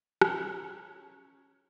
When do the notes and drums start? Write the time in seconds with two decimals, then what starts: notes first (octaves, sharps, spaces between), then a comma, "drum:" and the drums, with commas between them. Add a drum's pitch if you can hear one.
0.22 C#4 A#5, drum: rim click